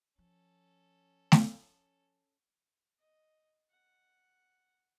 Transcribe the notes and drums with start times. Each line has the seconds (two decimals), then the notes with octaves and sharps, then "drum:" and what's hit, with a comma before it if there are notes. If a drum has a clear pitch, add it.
0.18 F3 C#4 A4
1.32 drum: snare A3
2.99 D#5
3.71 F#5